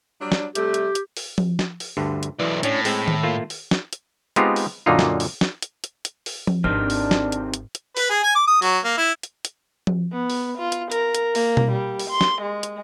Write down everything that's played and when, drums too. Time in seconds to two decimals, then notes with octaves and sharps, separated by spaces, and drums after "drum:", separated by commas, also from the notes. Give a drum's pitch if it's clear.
0.21 F#3 G3 D4
0.32 drum: snare
0.55 C3 G3 A3 G4, drum: hi-hat
0.74 drum: hi-hat
0.95 drum: hi-hat
1.17 drum: open hi-hat
1.38 drum: tom F3
1.59 drum: snare
1.80 drum: open hi-hat
1.97 D2 G2 D3
2.23 drum: hi-hat
2.40 B1 E3 D5
2.63 A2 C#4 D4 C#5, drum: hi-hat
2.85 G#3 C4, drum: open hi-hat
3.08 drum: tom D#3
3.23 A3 A#3 F4
3.50 drum: open hi-hat
3.71 drum: snare
3.93 drum: hi-hat
4.36 G#3 B3 C4 D#4 F4 G4, drum: hi-hat
4.56 drum: open hi-hat
4.86 F#2 A#2 D3 A#3 D#4 F4
4.99 drum: snare
5.20 drum: open hi-hat
5.41 drum: snare
5.62 drum: hi-hat
5.84 drum: hi-hat
6.05 drum: hi-hat
6.26 drum: open hi-hat
6.47 drum: tom F3
6.64 G#1 C3 D#3 C4 D4 F6
6.90 drum: open hi-hat
7.11 drum: snare
7.32 drum: hi-hat
7.54 drum: hi-hat
7.75 drum: hi-hat
7.97 B4, drum: open hi-hat
8.10 G#4
8.23 G#5
8.35 D6
8.47 D#6
8.62 F#3, drum: open hi-hat
8.84 A#3
8.97 E4
9.23 drum: hi-hat
9.45 drum: hi-hat
9.87 drum: tom F3
10.13 B3
10.30 drum: open hi-hat
10.58 F4
10.72 drum: hi-hat
10.92 A#4, drum: hi-hat
11.15 drum: hi-hat
11.35 A#3, drum: open hi-hat
11.57 drum: tom B2
11.72 G3
11.99 drum: open hi-hat
12.10 C6
12.21 drum: snare
12.42 G#3
12.63 drum: hi-hat